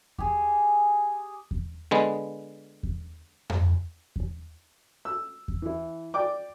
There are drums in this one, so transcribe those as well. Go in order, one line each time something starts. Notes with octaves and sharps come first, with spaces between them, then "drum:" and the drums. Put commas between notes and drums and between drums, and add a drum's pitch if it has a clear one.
G4 G#4, drum: kick E2
drum: kick E2
D3 G#3 B3
drum: kick E2
drum: tom F2
drum: kick E2
E6
drum: kick E2
E3 E4
D5 G5 D6